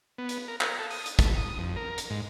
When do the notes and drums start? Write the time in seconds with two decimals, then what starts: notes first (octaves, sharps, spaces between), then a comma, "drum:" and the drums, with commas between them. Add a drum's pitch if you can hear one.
0.18 B3
0.29 drum: hi-hat
0.48 A#4
0.61 A#4, drum: clap
0.79 A4
0.90 D#6, drum: open hi-hat
1.06 drum: hi-hat
1.19 A3, drum: kick, hi-hat
1.37 D#6
1.59 F2
1.77 A#4
1.98 drum: hi-hat
2.10 G#2